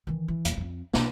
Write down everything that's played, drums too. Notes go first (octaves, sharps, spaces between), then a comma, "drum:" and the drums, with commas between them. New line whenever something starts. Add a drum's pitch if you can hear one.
D#3 E3
E3
D#1 E2, drum: hi-hat
F2 C4
B2 D4, drum: snare